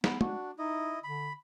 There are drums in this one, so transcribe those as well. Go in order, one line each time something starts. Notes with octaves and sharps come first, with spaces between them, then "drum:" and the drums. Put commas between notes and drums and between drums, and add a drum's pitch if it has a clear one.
B3, drum: snare
D4 F#4, drum: tom
D#4 E4 D#5
D3 B5